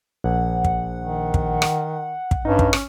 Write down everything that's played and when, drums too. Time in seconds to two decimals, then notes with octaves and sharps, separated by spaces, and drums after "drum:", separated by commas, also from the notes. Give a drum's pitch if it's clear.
0.24 A#1 F#5
0.65 drum: kick
0.99 D#3
1.34 drum: kick
1.62 drum: rim click
2.31 drum: kick
2.45 G2 C#4 D#4
2.59 drum: kick
2.73 drum: rim click